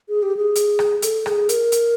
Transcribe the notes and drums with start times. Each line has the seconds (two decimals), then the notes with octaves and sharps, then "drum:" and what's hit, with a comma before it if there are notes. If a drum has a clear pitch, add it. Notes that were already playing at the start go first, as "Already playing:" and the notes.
0.09 G#4
0.23 G4
0.37 G#4
0.55 drum: hi-hat
0.79 drum: rim click
1.02 A4, drum: hi-hat
1.26 G#4, drum: rim click
1.49 A#4, drum: hi-hat
1.72 drum: hi-hat